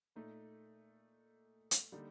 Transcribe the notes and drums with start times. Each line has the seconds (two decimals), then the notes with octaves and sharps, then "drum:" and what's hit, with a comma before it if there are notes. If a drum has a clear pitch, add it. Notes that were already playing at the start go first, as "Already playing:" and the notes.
0.16 A#2 A3 D#4
1.71 drum: hi-hat
1.92 D3 G3 A#3 D#4